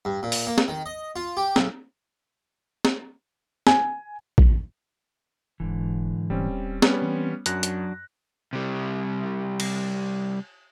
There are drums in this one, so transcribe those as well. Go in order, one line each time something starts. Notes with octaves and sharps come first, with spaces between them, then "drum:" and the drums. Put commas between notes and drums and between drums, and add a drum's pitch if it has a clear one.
G2
A#2
drum: open hi-hat
A#3
drum: snare
D#3
D#5
F4
G4
B1, drum: snare
drum: snare
G#5, drum: snare
drum: kick
E1 G#2 D3 E3
D#1 G3 C4 C#4
G3 B3 C#4, drum: snare
E3 C4
F#2 F#3 D4 F#4 F#6 A#6, drum: hi-hat
drum: hi-hat
C3 G3
drum: cymbal